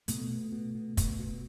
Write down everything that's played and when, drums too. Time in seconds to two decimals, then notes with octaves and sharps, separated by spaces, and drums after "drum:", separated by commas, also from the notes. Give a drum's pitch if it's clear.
0.08 B2 A3, drum: hi-hat
0.30 B2
0.52 B2
0.75 B2
0.97 B2, drum: kick, hi-hat
1.19 B2